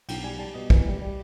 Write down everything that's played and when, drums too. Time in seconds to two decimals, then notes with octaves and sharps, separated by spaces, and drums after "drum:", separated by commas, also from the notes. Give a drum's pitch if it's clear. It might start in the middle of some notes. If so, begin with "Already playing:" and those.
0.09 B1 G5, drum: cymbal
0.24 G3 G#5
0.39 G3 A5
0.54 B2 D#5
0.70 E3, drum: kick
0.86 G3
1.02 G3